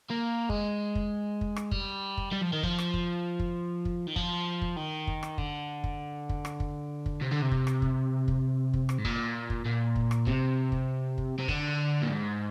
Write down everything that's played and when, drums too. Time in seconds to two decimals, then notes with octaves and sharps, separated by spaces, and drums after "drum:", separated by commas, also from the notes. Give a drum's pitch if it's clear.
0.11 A#3
0.50 G#3, drum: kick
0.95 drum: kick
1.41 drum: kick
1.56 drum: rim click
1.72 G3, drum: kick
2.17 drum: kick
2.33 G3
2.43 F3
2.53 D#3
2.63 F3, drum: kick
2.78 drum: rim click
2.94 drum: kick
3.40 drum: kick
3.85 drum: kick
4.07 D#3
4.16 F3, drum: kick
4.62 drum: kick
4.77 D#3
5.07 drum: kick
5.23 drum: rim click
5.38 D3, drum: kick
5.84 drum: kick
6.29 drum: kick
6.45 drum: rim click
6.60 drum: kick
7.06 drum: kick
7.21 C3
7.31 D3
7.41 C3
7.51 drum: kick
7.67 drum: rim click
7.82 drum: kick
8.28 drum: kick
8.74 drum: kick
8.89 drum: rim click
8.98 G#2
9.05 A#2, drum: kick
9.50 drum: kick
9.66 A#2
9.96 drum: kick
10.11 drum: rim click
10.27 C3, drum: kick
10.72 drum: kick
11.18 drum: kick
11.39 C3
11.48 D3, drum: kick
12.02 A#2
12.09 G#2